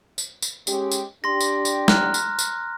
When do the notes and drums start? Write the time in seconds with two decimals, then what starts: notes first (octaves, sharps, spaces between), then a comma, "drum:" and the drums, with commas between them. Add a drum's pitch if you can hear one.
0.18 drum: tambourine
0.42 drum: tambourine
0.67 G#3 C#4 G4, drum: tambourine
0.91 drum: tambourine
1.24 D4 G4 C6 A#6
1.41 drum: tambourine
1.65 drum: tambourine
1.88 A#5 F6 F#6, drum: snare
2.14 drum: tambourine
2.39 drum: tambourine